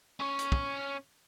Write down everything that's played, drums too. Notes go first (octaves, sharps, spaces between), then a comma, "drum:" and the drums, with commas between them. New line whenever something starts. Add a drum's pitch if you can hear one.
C#4 C#5
drum: hi-hat
drum: kick